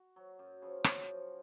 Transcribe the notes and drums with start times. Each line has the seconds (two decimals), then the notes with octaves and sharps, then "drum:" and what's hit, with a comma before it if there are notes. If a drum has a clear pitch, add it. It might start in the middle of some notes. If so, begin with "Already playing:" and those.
Already playing: F#4
0.16 F#3
0.39 F#2
0.62 C#3 F3
0.84 F#2 F#4, drum: rim click
1.07 F3